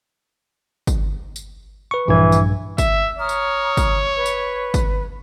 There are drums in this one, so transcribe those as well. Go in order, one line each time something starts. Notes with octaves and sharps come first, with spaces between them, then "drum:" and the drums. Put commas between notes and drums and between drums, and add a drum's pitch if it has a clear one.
drum: kick, tambourine
drum: tambourine
B4 C#6
A#1 G2 E3 G#6
drum: tambourine
E5, drum: kick, tambourine
C#5 A#5 D#6 F6
drum: tambourine
drum: kick, tambourine
B4
drum: tambourine
drum: kick, tambourine